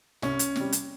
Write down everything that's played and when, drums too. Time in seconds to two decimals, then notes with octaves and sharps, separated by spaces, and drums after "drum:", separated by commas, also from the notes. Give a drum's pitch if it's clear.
0.22 C2 C#4, drum: snare
0.39 drum: hi-hat
0.56 C3 G3, drum: snare
0.72 drum: hi-hat